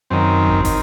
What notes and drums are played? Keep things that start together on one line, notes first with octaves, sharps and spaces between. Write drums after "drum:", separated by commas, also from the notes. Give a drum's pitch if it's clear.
F#2 D#3 C4
drum: kick
D#3, drum: kick, open hi-hat